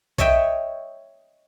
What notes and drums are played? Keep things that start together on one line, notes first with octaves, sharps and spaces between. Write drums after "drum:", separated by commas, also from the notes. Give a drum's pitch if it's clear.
C#5 D#5 E5 G5, drum: kick